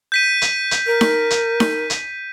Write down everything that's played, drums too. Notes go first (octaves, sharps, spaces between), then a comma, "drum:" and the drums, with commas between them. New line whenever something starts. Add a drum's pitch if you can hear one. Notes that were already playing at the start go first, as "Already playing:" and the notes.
G6 B6 D#7
drum: hi-hat
drum: hi-hat
A#4
drum: snare D#4
drum: hi-hat
drum: snare D#4
drum: hi-hat